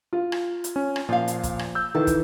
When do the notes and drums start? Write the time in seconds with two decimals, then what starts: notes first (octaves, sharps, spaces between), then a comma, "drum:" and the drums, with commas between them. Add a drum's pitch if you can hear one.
0.13 F4
0.32 drum: rim click
0.64 drum: hi-hat
0.76 C#4
0.96 drum: rim click
1.09 A#2 F3 F5
1.28 drum: hi-hat
1.43 drum: kick, hi-hat
1.59 drum: rim click
1.75 E6 G6
1.95 D#3 E3 A4
2.07 drum: kick, hi-hat